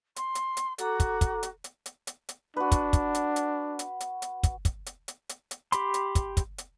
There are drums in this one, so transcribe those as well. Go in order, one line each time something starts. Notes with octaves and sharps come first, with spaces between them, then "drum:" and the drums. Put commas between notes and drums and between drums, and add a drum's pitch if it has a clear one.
C6, drum: hi-hat
drum: hi-hat
drum: hi-hat
F#4 A4 A#5 D6, drum: hi-hat
drum: kick, hi-hat
drum: kick, hi-hat
drum: hi-hat
drum: hi-hat
drum: hi-hat
drum: hi-hat
drum: hi-hat
D4 F#4 B4
drum: kick, hi-hat
drum: kick, hi-hat
drum: hi-hat
drum: hi-hat
drum: hi-hat
drum: hi-hat
drum: hi-hat
drum: kick, hi-hat
drum: kick, hi-hat
drum: hi-hat
drum: hi-hat
drum: hi-hat
drum: hi-hat
G4 B5 C6, drum: hi-hat
drum: hi-hat
drum: kick, hi-hat
drum: kick, hi-hat
drum: hi-hat